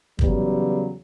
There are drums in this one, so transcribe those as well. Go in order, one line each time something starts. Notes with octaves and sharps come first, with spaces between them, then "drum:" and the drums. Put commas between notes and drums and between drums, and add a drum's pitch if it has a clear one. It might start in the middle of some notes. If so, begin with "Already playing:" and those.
E2 C#3 F#3 G3, drum: kick